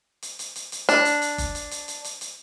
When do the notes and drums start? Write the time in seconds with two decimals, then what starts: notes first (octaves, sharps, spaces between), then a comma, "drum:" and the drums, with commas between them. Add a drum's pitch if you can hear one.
0.22 drum: hi-hat
0.39 drum: hi-hat
0.56 drum: hi-hat
0.72 drum: hi-hat
0.89 D4, drum: hi-hat
1.05 drum: hi-hat
1.22 drum: hi-hat
1.38 drum: kick F#1, hi-hat
1.55 drum: hi-hat
1.71 drum: hi-hat
1.88 drum: hi-hat
2.04 drum: hi-hat
2.21 drum: hi-hat